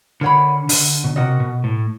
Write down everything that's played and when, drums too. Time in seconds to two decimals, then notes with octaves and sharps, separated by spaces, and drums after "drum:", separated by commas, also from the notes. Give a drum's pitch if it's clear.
0.21 D3 A#4 C#5 F#5 B5
0.69 D3, drum: open hi-hat
1.04 B2
1.16 C3 F#4 A#4 D#5 F#5
1.40 B2
1.64 A2